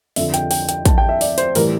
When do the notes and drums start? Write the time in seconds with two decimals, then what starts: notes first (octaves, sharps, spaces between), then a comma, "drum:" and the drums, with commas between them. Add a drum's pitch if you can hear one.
0.16 F2 D3 F3 E5, drum: open hi-hat
0.34 G5, drum: hi-hat
0.51 G5, drum: open hi-hat
0.69 G5, drum: hi-hat
0.85 A5, drum: kick, hi-hat
0.98 G5
1.09 E5
1.21 D5, drum: open hi-hat
1.38 C5, drum: hi-hat
1.55 A2 E3 G3 A#4, drum: open hi-hat